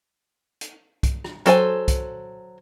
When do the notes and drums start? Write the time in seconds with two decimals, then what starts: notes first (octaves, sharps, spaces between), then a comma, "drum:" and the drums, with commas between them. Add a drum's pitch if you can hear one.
0.61 drum: hi-hat
1.03 drum: kick, hi-hat
1.24 drum: rim click
1.46 F#3 A4 C5 G#5, drum: hi-hat
1.88 drum: kick, hi-hat